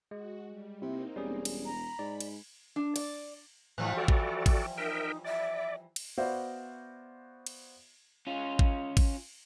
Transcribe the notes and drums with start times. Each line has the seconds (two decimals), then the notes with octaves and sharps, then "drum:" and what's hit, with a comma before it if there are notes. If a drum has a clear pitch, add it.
0.11 G#3 F#4
0.48 G3
0.82 C3 A#3 C4 D#4 E4
1.16 E1 G3 C#4 G#4
1.45 drum: cymbal
1.64 A#5 B5
1.99 G#2 D5
2.20 drum: cymbal
2.76 D4
2.96 D5, drum: cymbal
3.78 A2 E3 F3 G3 F#6
3.97 F#4 A4 D5
4.08 drum: kick G#1
4.46 drum: kick G#1, cymbal
4.78 D#4 A#4 E5 G5
5.25 D5 E5
5.96 drum: cymbal
6.18 B3 F#4 C5 D5 E5 F5
7.46 drum: cymbal
8.27 C#4 F4
8.59 drum: kick G#1
8.97 drum: kick G#1, cymbal